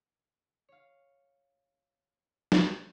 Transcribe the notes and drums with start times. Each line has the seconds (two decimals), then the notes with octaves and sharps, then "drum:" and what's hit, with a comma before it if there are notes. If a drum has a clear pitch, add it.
0.69 C#5 F5
2.52 drum: snare